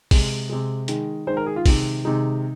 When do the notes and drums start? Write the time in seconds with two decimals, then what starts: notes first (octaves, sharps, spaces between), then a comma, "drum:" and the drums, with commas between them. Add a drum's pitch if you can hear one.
0.11 C3 G#3, drum: kick, open hi-hat
0.49 C3 G#3
0.88 D#3 G#3, drum: hi-hat
1.27 D#3 G#3 C5
1.37 A#4
1.46 G#4
1.56 F4
1.66 C3 D#3 G#3, drum: kick, open hi-hat
2.05 C3 D#3 G#3 D#4